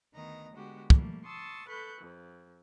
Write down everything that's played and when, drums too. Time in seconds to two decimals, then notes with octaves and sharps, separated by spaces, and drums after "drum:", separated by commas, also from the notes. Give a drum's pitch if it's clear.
0.14 D2 D#3 B3 D#5 A#5
0.55 D3 G#3 B3 F#4 G4
0.90 G3 A3 A#3, drum: kick
1.25 A5 C6 C#6 D#6 E6 A6
1.69 A4 B4 B5 C#6 F#6 G6
2.02 F2